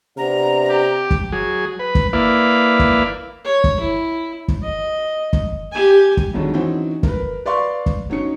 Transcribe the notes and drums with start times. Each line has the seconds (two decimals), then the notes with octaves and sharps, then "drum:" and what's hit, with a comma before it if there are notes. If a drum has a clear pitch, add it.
0.17 C3 B3 D4 A#5
0.69 G4
1.11 drum: kick
1.32 F#3 G#4
1.79 B4
1.95 drum: kick
2.13 A#3 E4 B4 D5 F5
2.80 drum: kick
3.44 C#5
3.64 drum: kick
3.80 E4
4.48 drum: kick
4.63 D#5
5.33 drum: kick
5.72 G4 G#5
6.17 drum: kick
6.34 F2 D3 D#3 F#3 G#3
6.53 E3 C4 C#4 D#4 F#4
7.03 A#4 B4, drum: kick
7.45 B4 D5 F5 C6 C#6
7.86 drum: kick
8.10 F#3 C#4 D#4 C#7